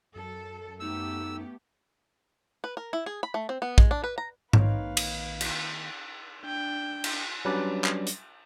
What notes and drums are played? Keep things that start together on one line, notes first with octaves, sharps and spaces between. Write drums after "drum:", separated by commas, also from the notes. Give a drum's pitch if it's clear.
F#2 A4
A3 B3 D#4 G4 E6
B4
A#4
E4
G#4
B5
A3
C4
B3
G#3, drum: kick A#1
D4
B4
A#5
A#1 D#3 A#3 C4 D#4 B4 C#5 F5, drum: tom G#2
drum: cymbal
drum: cymbal
D4 G5
drum: cymbal
F#3 G3 C#4 D4 B4 D5
drum: clap
drum: hi-hat